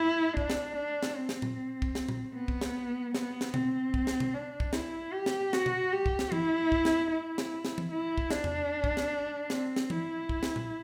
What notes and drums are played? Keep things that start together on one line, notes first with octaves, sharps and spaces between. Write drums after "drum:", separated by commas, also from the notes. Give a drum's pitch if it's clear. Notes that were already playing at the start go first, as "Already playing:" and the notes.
Already playing: E4
D4, drum: kick
drum: snare
D4
drum: snare
C4
drum: snare
drum: tom A#2
drum: kick
drum: snare
drum: tom A#2
B3
drum: kick
drum: snare
B3, drum: snare
drum: snare
C4, drum: tom B2
drum: kick
drum: snare
drum: tom B2
D4
drum: kick
E4, drum: snare
G4
drum: snare
F#4, drum: snare
drum: tom B2
G4
drum: kick
drum: snare
E4, drum: tom E3
drum: kick
drum: snare
E4
drum: snare
drum: snare
drum: tom E3
E4
drum: kick
D4, drum: snare
drum: tom E2
drum: kick
drum: snare
C4, drum: snare
drum: snare
E4, drum: tom E3
drum: kick
drum: snare
drum: tom A#2